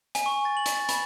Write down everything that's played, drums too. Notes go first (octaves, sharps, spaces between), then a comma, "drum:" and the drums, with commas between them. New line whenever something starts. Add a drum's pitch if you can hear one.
G#5, drum: hi-hat
C#6
A6
F#7
drum: hi-hat
A6
B5, drum: hi-hat